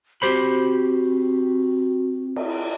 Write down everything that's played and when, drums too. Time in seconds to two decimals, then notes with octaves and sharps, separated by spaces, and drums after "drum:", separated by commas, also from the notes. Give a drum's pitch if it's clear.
0.22 C4 F#4 G4 C5 B5
2.36 drum: cymbal